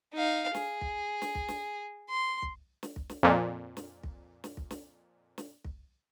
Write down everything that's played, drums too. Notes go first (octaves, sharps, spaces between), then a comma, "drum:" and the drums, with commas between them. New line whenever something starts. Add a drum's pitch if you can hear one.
D#4 F5
G#4, drum: snare
drum: kick
drum: snare
drum: kick
drum: snare
C6
drum: kick
drum: snare
drum: kick
drum: snare
F2 A#2
drum: snare
drum: kick
drum: snare
drum: kick
drum: snare
drum: snare
drum: kick